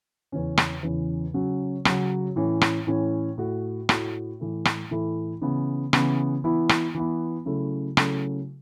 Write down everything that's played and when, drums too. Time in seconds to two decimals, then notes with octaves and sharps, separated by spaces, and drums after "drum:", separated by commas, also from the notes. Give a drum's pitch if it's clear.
0.32 E2 C#3 E3 C#4
0.58 drum: rim click
0.83 E2 C#3 E3 C#4
1.34 C#3 F#3 C#4 F#4
1.85 C#3 F#3 C#4 F#4, drum: rim click
2.36 A2 E3 C#4
2.61 drum: rim click
2.87 A2 E3 C#4
3.38 A2 A3 F#4
3.89 A2 A3 F#4, drum: rim click
4.40 A2 E3 A3 E4
4.65 drum: rim click
4.91 A2 E3 A3 E4
5.41 C#3 E3 B3 E4
5.93 C#3 E3 B3 E4, drum: rim click
6.44 E3 B3 E4
6.69 drum: rim click
6.95 E3 B3 E4
7.46 C#3 F#3 A3 E4
7.97 C#3 F#3 A3 E4, drum: rim click